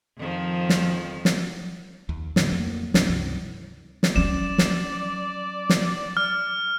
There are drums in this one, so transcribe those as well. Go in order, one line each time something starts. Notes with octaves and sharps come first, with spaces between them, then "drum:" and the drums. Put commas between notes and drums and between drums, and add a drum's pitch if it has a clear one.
F2 D#3 F3
drum: snare
drum: snare
D#2
A2 D3, drum: snare
F2 F#3 A3 A#3
G1 C2 C3 D4, drum: snare
C#2 G2 C3 E3
drum: snare
F#3 C#4 D5 E7
drum: snare
drum: snare
F6